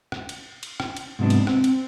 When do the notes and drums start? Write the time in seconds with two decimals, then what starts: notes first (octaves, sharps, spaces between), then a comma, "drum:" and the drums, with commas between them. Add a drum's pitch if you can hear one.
0.12 drum: rim click
0.29 drum: cymbal
0.63 drum: cymbal
0.80 drum: rim click
0.97 drum: cymbal
1.19 G#2 C3 F#3 B3 D4
1.30 drum: cymbal
1.47 C4, drum: rim click
1.64 drum: cymbal